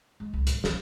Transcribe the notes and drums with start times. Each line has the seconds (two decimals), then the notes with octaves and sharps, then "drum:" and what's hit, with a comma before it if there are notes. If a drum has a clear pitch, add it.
0.20 G#3
0.33 C#2
0.47 G#2, drum: hi-hat
0.64 F3, drum: snare